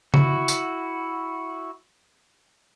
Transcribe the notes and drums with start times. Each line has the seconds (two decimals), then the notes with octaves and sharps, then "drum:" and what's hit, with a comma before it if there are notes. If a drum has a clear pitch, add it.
0.14 E4 F#4, drum: tom C#3
0.48 drum: tambourine